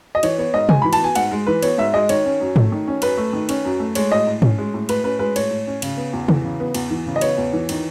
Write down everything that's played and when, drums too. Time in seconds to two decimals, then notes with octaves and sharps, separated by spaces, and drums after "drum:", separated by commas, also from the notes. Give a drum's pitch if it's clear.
0.15 D#5
0.23 E3 C#5, drum: cymbal
0.38 B3 C#5
0.54 G#2 D#5
0.69 G#3 G#5, drum: tom C3
0.82 E3 B5
0.93 A5, drum: cymbal
1.01 B3 G#5
1.15 G#2 F#5, drum: cymbal
1.31 G#3
1.46 E3 B4
1.63 B3 C#5, drum: cymbal
1.78 G#2 E5
1.93 G#3 D#5
2.09 D#3 C#5, drum: cymbal
2.25 C#4
2.41 F#2
2.56 A3, drum: tom G#2
2.72 D#3
2.87 C#4
3.02 F#2 B4, drum: cymbal
3.17 A3
3.33 D#3
3.49 C#4, drum: cymbal
3.65 F#2
3.79 A3
3.95 G#3 C#5, drum: cymbal
4.11 A2 D#5
4.27 A2
4.42 C#4, drum: tom G#2
4.58 G#3
4.74 A2
4.89 A2 B4, drum: cymbal
5.04 C#4 B4
5.19 G#3 B4
5.36 A2 C#5, drum: cymbal
5.50 A2
5.67 C#4
5.82 C#3, drum: cymbal
5.97 B3
6.13 E2
6.28 E3, drum: tom C3
6.44 C#3
6.60 B3
6.75 E2, drum: cymbal
6.90 E3
7.06 C#3
7.16 D#5
7.21 B3 C#5, drum: cymbal
7.38 E2
7.53 E3
7.69 D#3, drum: cymbal